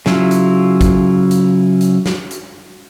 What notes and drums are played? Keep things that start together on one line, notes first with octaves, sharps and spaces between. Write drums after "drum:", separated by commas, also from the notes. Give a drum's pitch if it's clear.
C#3 F#3 E4 F4, drum: snare
drum: hi-hat
drum: kick, hi-hat
drum: hi-hat
drum: hi-hat
drum: snare
drum: hi-hat